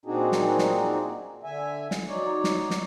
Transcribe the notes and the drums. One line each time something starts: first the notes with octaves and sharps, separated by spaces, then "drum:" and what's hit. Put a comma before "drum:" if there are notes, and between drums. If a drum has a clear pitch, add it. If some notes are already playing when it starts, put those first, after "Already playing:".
A#2 C4 D4 D#4 F#4 G#4
drum: snare
drum: snare
D3 E5 G#5
drum: snare
F#3 D#4 C#5 D5
drum: snare
drum: snare